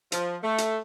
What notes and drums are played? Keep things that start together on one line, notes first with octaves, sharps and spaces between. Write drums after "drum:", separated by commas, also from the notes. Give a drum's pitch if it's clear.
F3, drum: hi-hat
A3
drum: hi-hat